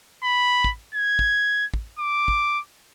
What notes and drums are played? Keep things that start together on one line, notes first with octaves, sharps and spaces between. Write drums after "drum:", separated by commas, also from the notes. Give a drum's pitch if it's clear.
B5
drum: kick
G#6
drum: kick
drum: kick
D6
drum: kick